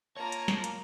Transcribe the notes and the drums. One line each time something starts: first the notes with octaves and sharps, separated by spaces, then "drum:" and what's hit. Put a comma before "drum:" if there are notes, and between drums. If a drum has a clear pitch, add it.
A#3 F4 A#4 C#5 A5 A#5
drum: hi-hat
drum: snare
drum: hi-hat